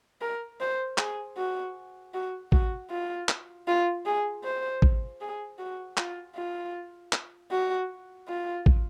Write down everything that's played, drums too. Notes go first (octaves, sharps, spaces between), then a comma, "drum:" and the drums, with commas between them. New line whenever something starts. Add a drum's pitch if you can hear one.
A#4
C5
G#4, drum: clap
F#4
F#4
F#4, drum: kick A1
F4
drum: clap
F4
G#4
C5
drum: kick A1
G#4
F#4
F4, drum: clap
F4
drum: clap
F#4
F4
drum: kick A1